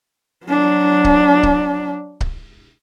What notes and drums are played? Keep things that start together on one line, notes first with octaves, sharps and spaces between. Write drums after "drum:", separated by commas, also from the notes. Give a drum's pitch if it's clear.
F#3 D4
drum: kick C#1
drum: kick C#1
drum: kick C#1